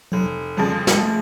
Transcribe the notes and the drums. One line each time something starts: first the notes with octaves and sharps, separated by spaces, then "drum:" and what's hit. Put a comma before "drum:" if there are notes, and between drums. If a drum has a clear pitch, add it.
F1 F#3
F2 C#3 F3 G3
G3, drum: snare
G#3
A3